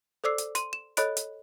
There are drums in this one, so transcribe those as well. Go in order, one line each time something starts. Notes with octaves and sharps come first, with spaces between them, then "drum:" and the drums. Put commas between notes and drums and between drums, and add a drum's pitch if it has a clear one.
A4 C5 D5 D6 E6 C7
drum: hi-hat
C6 D#7, drum: hi-hat
E7
A4 C#5 D#5 B5 F#6 D7, drum: hi-hat
drum: hi-hat